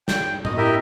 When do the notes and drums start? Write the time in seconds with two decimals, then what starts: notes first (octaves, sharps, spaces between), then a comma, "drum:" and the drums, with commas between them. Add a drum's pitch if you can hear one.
0.08 G5, drum: snare
0.45 D#5, drum: tom A2
0.57 E4 G4 A#4 D#5 E5